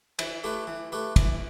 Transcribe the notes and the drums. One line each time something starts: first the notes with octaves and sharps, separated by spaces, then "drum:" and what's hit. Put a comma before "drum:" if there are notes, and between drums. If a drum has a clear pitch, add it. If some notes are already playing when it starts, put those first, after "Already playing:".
E3, drum: cymbal
A3 G4 B4
E3
A3 G4 B4
E3, drum: kick, cymbal